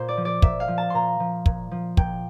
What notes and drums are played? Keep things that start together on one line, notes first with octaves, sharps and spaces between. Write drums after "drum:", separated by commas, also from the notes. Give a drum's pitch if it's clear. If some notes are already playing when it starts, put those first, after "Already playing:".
Already playing: A#2 C5
D5
F3
D5
A#2 E5, drum: kick
F5
F3
A5
A#2 A#5 C6
F3
A#2, drum: kick
F3
A#2 G5, drum: kick